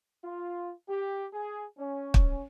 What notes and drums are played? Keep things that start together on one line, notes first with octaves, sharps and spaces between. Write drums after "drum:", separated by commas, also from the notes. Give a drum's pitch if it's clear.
F4
G4
G#4
C#4
drum: kick